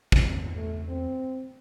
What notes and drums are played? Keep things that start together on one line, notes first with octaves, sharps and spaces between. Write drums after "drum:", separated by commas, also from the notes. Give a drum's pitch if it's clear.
E2, drum: kick
A3
C4